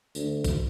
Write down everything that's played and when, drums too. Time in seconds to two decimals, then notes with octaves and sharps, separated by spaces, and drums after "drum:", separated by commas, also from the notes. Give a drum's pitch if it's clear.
0.15 D2, drum: tambourine
0.44 drum: kick, tambourine